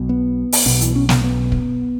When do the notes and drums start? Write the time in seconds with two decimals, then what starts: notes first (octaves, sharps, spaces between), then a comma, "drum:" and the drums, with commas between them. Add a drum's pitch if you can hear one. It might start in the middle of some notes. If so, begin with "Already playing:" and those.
Already playing: B1 B2
0.09 B3
0.52 drum: open hi-hat
0.66 B1 B2 B3
0.81 E3, drum: hi-hat
0.96 C#4
1.09 B3, drum: snare
1.24 B3
1.52 drum: kick